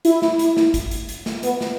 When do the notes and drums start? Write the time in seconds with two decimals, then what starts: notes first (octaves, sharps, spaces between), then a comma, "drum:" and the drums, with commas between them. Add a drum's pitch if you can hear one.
0.05 E4, drum: hi-hat
0.22 drum: snare
0.39 drum: hi-hat
0.57 drum: snare
0.74 drum: kick, hi-hat
0.91 drum: hi-hat
1.09 drum: hi-hat
1.26 drum: snare
1.43 B3, drum: hi-hat
1.61 drum: snare